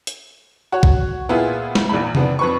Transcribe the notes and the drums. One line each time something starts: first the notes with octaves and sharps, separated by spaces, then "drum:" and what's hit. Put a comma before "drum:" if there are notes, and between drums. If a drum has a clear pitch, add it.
drum: hi-hat
F#4 C#5
drum: kick A#1
A#2 B3 E4 F4 G#4
drum: snare
A#1 E2 B5
F2 B3 D4, drum: tom C3
F2 B4 C#6